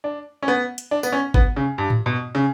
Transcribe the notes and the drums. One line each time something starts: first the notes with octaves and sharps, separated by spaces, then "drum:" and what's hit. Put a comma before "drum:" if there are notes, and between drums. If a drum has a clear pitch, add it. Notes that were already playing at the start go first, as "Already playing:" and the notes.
D4
C#4
B3
drum: hi-hat
D4
B3, drum: tambourine
C#4
B3, drum: kick
C#3
G2
drum: tom G#2
B2
C#3